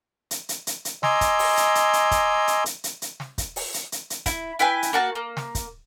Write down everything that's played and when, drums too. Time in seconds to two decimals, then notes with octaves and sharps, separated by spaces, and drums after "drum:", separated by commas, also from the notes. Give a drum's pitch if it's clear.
0.31 drum: hi-hat
0.49 drum: hi-hat
0.67 drum: hi-hat
0.85 drum: hi-hat
1.03 D#5 G#5 A#5 C6 D6 E6, drum: snare
1.21 drum: kick, hi-hat
1.39 drum: open hi-hat
1.57 drum: hi-hat
1.75 drum: hi-hat
1.93 drum: hi-hat
2.11 drum: kick, hi-hat
2.48 drum: hi-hat
2.66 drum: hi-hat
2.84 drum: hi-hat
3.02 drum: hi-hat
3.20 drum: snare
3.38 drum: kick, hi-hat
3.56 drum: open hi-hat
3.74 drum: hi-hat
3.92 drum: hi-hat
4.10 drum: hi-hat
4.26 E4, drum: kick, hi-hat
4.59 E4 B4 G5 G#5
4.82 drum: hi-hat
4.93 A#3 F#4 A5
5.15 A#3
5.37 drum: snare
5.55 drum: kick, hi-hat